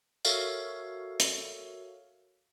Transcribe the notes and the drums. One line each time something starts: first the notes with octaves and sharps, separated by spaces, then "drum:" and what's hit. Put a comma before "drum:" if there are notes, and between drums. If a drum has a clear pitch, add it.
F#4 A4 A#4 C#5 E5 F5, drum: tambourine
drum: hi-hat